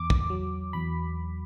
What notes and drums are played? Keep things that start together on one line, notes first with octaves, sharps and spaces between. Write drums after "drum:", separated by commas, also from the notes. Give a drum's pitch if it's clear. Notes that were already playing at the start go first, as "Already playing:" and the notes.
Already playing: E2 D6
drum: kick
F#3
E2 B5